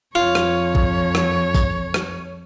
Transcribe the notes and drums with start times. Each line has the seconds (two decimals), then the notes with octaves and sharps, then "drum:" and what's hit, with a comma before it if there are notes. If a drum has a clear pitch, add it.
0.15 F2 F4 C#5
0.35 drum: rim click
0.75 drum: kick
1.15 drum: rim click
1.55 drum: kick, tambourine
1.94 drum: rim click